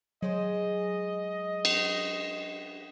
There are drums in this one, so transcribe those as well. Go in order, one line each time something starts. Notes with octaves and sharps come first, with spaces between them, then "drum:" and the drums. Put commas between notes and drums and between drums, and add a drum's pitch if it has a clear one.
F#3 G#3 G#4 C5 D#5
drum: cymbal